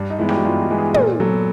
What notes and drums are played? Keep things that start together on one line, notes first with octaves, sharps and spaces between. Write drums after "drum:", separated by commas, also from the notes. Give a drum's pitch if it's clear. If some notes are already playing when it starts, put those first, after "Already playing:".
Already playing: G2 D4
D#4
E3 G#3 B3 E4
G4, drum: snare
F#4
G2 F4
F#4
E3 G#3 B3
G#4
A#2 A4, drum: tom
F#3 B3 A4